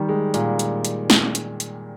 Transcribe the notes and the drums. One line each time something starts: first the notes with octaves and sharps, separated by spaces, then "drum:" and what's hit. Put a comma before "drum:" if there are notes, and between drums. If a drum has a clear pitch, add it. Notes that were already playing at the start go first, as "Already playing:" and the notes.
Already playing: D#3 G3
G#3
A#2, drum: hi-hat
drum: hi-hat
drum: hi-hat
drum: snare
drum: hi-hat
drum: hi-hat